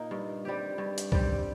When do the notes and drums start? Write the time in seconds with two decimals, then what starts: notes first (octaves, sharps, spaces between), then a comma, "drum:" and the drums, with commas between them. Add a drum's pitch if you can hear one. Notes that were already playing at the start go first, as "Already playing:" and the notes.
Already playing: A#2 A#3 D#4
0.11 G2
0.45 G3 C4 G4
0.78 G2
0.98 drum: hi-hat
1.12 G3 C4 G4, drum: kick C#2